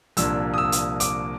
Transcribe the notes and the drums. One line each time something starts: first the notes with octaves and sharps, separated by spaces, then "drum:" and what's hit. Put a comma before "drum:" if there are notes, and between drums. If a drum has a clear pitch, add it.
C2 A#2 F3 A#3 D4 E6, drum: hi-hat
D#6
E6
drum: hi-hat
D6, drum: hi-hat